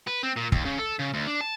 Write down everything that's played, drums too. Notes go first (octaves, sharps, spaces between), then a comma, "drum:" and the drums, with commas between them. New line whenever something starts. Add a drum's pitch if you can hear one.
B4
C4
A#2
D#2, drum: kick
C#3
A4
C#3
D2
D4
A5